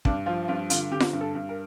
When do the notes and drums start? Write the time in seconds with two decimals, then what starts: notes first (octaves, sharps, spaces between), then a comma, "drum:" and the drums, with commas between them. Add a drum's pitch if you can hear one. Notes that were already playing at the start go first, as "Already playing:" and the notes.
0.05 G2 D4, drum: kick
0.26 F3 F4
0.48 G2 F4
0.70 D3 F4, drum: hi-hat
0.91 D3 G4
1.00 drum: snare F4
1.13 G2
1.21 A4
1.35 G2
1.49 A#4